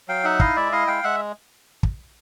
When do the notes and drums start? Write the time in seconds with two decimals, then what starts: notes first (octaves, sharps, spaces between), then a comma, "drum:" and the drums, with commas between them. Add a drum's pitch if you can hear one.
0.08 F#3 F5 G5
0.24 D#4 E5 F#5
0.40 E4 D#5 F5, drum: kick
0.56 G#3 D5 E5
0.72 E4 D#5 F5
0.87 G#3 F5 G5
1.04 G#3 E5 F#5
1.83 drum: kick